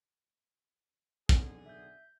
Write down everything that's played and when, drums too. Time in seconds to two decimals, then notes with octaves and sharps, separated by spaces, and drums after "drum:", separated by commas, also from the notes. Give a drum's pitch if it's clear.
1.29 B1 D3 G#4, drum: kick
1.66 E5 G6